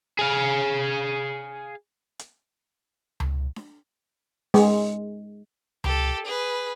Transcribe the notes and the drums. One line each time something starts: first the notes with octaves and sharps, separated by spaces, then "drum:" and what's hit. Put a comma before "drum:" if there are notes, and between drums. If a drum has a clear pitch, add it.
G#4 F5
drum: hi-hat
drum: tom C#2
drum: snare D4
G#3, drum: open hi-hat
G4 A4, drum: tom C#2
G#4 B4